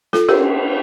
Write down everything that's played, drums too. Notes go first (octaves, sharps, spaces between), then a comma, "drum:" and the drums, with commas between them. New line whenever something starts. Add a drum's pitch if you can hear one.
F4 A4, drum: snare
G4 A#4, drum: cymbal